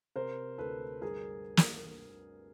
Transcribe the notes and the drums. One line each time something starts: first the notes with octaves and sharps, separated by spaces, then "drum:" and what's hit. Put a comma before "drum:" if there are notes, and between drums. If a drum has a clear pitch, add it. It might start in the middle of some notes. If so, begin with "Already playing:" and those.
C3 A#4 C5
D2 A4 B4
G2 G#4 A#4
drum: snare